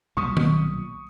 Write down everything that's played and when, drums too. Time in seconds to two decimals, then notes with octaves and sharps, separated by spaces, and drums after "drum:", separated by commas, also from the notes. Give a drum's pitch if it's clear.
0.17 B1 A#2 G3 C#6 D#6
0.37 drum: tom D#3